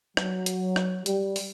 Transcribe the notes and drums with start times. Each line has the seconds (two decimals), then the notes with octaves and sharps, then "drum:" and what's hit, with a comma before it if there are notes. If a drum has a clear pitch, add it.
0.17 F#3, drum: rim click
0.46 drum: hi-hat
0.76 drum: rim click
1.06 G3, drum: hi-hat
1.36 drum: open hi-hat